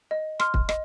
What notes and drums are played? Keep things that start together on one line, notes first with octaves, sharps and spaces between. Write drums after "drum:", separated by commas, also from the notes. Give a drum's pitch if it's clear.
D#5
C6 F6, drum: rim click
drum: kick
D#5, drum: rim click